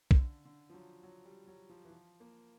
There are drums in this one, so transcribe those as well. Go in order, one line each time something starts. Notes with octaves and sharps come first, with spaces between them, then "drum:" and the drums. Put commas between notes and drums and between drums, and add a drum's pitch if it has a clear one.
C#3, drum: kick
D3
D3
F3
F#3
F#3
G3
F#3
F3
E3
F3
A#3